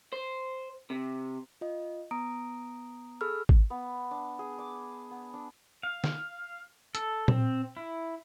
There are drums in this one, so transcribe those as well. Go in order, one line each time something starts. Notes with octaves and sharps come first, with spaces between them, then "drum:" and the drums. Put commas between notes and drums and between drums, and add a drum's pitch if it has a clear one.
C5
C3
F4 D#5
B3 A#5 D#6 D7
G#4 A4 B5 E6 F6
drum: kick G#1
B3
D4
G#4
D6
B3
D4
F5
drum: snare
A4, drum: hi-hat
C4, drum: tom A#2
E4